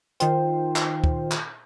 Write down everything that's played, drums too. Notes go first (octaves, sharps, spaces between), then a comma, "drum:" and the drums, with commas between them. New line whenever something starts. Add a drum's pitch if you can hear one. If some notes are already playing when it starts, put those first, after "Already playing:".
D#3 F4 C5 G5, drum: hi-hat
drum: clap
drum: kick
drum: clap